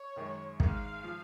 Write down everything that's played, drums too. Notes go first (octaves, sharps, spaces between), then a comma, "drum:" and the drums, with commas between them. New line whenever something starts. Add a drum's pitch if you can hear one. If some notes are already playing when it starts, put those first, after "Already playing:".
Already playing: C#5
F#2 D#3 G#3
G#2 D#3 G#3 D#4 F5, drum: kick
F3